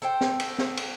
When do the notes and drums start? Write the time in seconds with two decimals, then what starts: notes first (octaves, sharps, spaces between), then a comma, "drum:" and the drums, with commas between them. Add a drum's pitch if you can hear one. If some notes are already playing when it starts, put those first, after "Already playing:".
0.02 A4 C5 G5
0.21 drum: snare
0.40 drum: cymbal
0.58 drum: snare
0.77 drum: cymbal